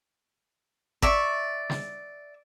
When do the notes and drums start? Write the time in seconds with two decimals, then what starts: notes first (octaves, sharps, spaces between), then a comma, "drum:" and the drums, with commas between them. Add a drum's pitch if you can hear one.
1.02 D5 E5 C#6, drum: kick G#1
1.70 drum: snare